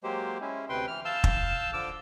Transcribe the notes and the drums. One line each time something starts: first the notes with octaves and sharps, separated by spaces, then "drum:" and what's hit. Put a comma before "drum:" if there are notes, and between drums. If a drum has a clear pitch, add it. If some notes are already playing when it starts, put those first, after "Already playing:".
F#3 G#3 A#3 G4 C5
G#3 C#4 E4
D2 C3 B4 G5 C6
E3 F6
F5 A5 E6 G6
drum: kick
D3 F3 D6 E6